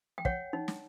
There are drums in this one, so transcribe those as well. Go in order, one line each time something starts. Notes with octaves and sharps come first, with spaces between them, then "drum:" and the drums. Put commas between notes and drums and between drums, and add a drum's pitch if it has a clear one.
G5
C#5 F#5, drum: kick
D#4
drum: snare